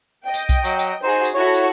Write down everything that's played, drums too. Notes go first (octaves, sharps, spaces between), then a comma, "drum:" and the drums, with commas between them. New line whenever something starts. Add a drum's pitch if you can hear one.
D#5 G5
drum: tambourine
drum: kick B1, tambourine
F#3, drum: tambourine
drum: tambourine
D#4 F#4 G#4 C5
drum: tambourine
E4 F#4 A4 C#5
drum: tambourine